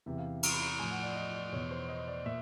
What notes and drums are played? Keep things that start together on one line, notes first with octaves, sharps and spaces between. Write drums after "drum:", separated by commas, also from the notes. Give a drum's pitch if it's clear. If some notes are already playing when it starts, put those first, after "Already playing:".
E2 C3 E3 E5
F5
A#5, drum: cymbal
B5
A#5
A2 F3 G#5
F#5
D5
D#5
D5
E2 B2 C#5
C5
D#5
D5
A#2 E5